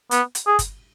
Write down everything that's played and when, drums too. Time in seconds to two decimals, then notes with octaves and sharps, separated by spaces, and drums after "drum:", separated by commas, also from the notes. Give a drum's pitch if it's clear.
0.11 B3, drum: hi-hat
0.35 drum: hi-hat
0.46 G#4
0.59 drum: kick, hi-hat